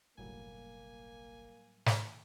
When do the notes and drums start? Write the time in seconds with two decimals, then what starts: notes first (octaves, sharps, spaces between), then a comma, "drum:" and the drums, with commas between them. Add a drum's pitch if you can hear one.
0.18 F#1 B1 A2 F#3 G3 A#3 G#5
1.86 drum: snare